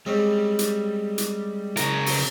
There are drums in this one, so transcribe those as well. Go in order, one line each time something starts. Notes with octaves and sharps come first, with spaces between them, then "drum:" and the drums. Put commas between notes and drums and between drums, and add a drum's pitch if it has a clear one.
G3 G#3 C4 C#4
drum: hi-hat
drum: hi-hat
C#3 A#4, drum: hi-hat
drum: open hi-hat